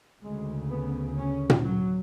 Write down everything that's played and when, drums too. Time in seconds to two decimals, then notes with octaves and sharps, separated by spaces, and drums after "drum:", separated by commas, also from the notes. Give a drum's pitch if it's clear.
0.23 D2 C#3 G#3
0.71 B3
1.18 C#4
1.50 drum: tom A#2
1.65 F#3